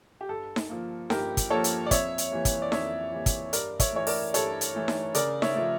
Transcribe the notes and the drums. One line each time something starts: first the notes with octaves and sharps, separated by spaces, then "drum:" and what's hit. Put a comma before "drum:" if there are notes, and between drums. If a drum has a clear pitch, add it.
G4
G2 A4
drum: snare D#4
F3 A#3
G2 G4 A#4, drum: snare D#4
drum: kick, hi-hat
F3 A#3 A4 C#5
drum: hi-hat
D5
F2 C#5 E5, drum: kick, hi-hat
drum: hi-hat
E3 G3 A#3
drum: kick, hi-hat
D5
F2 C#5 E5, drum: snare D#4
E3 G3 A#3
drum: kick, hi-hat
G2 A#4 D5, drum: hi-hat
C#5 E5, drum: kick, hi-hat
E3 A3 C#5
A#4 D5, drum: open hi-hat
G2 A4 C#5, drum: hi-hat
drum: hi-hat
E3 A3
drum: snare D#4
C#3 A#4 D5, drum: hi-hat
C#5 E5, drum: snare D#4
F3 A3